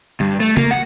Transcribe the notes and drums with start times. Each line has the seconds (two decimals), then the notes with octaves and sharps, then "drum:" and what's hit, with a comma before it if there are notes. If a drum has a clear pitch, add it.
0.20 G2, drum: tom
0.40 A3
0.57 A#3, drum: tom
0.71 F#5